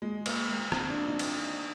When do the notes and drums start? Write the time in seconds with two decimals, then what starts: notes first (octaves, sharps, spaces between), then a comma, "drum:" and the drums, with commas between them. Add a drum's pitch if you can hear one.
0.02 G#3
0.26 A#3, drum: cymbal
0.49 G#3
0.72 C4, drum: rim click
0.89 D4
1.07 D#4
1.19 drum: cymbal